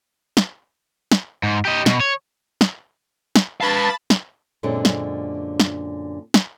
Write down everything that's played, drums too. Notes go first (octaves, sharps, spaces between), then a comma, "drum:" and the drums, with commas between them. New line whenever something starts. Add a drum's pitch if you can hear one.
drum: snare
drum: snare
G#2
G4 D#5
B2, drum: snare
C#5
drum: snare
drum: snare
B4 F5 A5 B5 A6
drum: snare
F#2 A#2 D3 G#3 C4 D4
drum: snare
drum: snare
drum: snare